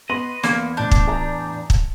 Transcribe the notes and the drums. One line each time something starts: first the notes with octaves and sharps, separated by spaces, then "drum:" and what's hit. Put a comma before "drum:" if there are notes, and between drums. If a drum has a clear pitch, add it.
B3 D#5 C6 F#7
E2 A#3, drum: snare
A2 D4 G6
drum: kick
G#4 D5 A#5
drum: kick